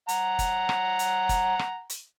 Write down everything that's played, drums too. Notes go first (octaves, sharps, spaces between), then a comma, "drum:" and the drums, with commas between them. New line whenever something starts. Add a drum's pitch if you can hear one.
F#5 A#5, drum: hi-hat
drum: kick, hi-hat
drum: rim click
drum: hi-hat
drum: kick, hi-hat
drum: rim click
drum: hi-hat